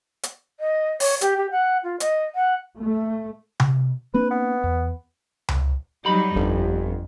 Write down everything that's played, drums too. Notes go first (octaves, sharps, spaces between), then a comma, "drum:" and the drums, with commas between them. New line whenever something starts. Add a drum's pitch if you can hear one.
drum: hi-hat
D#5
C#5, drum: open hi-hat
G4, drum: hi-hat
G4
F#5
F4
D#5, drum: hi-hat
F#5
A3
drum: tom C3
A#3 C4 D4 B4
B3
E2
drum: tom C#2
F#3 G3 D#4 G4 B5
G1 F2